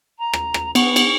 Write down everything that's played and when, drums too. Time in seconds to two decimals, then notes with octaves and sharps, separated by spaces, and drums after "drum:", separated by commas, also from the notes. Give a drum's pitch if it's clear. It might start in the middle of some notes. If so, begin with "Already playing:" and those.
0.18 A#5
0.33 drum: rim click
0.54 drum: rim click
0.75 B3 C#6, drum: cymbal
0.96 drum: cymbal